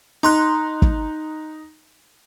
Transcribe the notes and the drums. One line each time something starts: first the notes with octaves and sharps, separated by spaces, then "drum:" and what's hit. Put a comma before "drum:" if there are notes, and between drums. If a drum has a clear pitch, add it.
D#4 A#5 C6 F#6
drum: kick